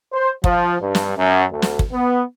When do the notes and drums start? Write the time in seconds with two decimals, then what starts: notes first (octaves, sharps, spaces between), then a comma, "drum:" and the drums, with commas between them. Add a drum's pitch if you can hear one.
0.12 C5
0.44 F3, drum: kick
0.81 G2
0.95 drum: snare
1.16 F#2
1.51 D2
1.62 drum: snare
1.79 drum: kick
1.92 B3